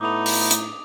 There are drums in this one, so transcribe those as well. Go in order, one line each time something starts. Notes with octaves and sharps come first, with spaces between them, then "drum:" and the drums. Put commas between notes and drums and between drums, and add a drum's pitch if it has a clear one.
A2 A3 B3 D#4 D6 D#6 F7
drum: open hi-hat
drum: hi-hat